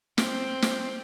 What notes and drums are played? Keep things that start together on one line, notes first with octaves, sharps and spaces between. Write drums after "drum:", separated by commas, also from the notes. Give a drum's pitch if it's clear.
C4, drum: snare
drum: snare